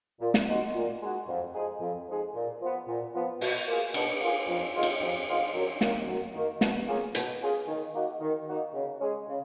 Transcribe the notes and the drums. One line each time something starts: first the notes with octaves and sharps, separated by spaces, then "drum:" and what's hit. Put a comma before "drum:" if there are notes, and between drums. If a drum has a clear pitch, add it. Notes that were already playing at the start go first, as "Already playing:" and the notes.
A#2
drum: snare
G#3 D#4 F#4
A#2
G#3 D#4 F#4
F2
F3 G#3 D#4 G#4
F2
F3 G#3 D#4 G#4
A#2
F3 B3
A#2
F3 B3
B2, drum: open hi-hat
A#3 F4 G#4
B2, drum: cymbal
A#3 F4 G#4
F2
D#3 G#3 B3 F4
drum: cymbal
F2
D#3 G#3 B3 F4
F#2
D#3 A#3, drum: snare
F#2
D#3 A#3
B2, drum: snare
A#3 C#4 F4 G#4
B2, drum: hi-hat
A#3 C#4 F4 G#4
D#3
A#3 D#4 F#4
D#3
A#3 D#4 F#4
C#3
G#3 C#4 G#4
C#3